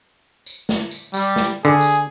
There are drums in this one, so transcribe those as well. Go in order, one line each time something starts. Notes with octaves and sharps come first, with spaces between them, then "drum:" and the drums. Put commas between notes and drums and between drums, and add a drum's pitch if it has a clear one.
drum: tambourine
drum: snare
drum: tambourine
G3, drum: tambourine
drum: snare
D3 G#4
drum: tambourine